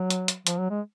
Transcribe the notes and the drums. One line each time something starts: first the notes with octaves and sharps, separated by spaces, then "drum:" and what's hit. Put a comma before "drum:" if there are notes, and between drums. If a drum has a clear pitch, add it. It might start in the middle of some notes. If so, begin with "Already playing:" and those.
Already playing: F#3
drum: hi-hat
drum: hi-hat
F3, drum: hi-hat
F#3
G#3